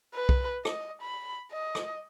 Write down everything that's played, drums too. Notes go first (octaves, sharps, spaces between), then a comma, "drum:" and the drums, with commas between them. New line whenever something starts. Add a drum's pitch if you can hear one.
B4
drum: kick
D#5, drum: rim click
B5
D#5
drum: rim click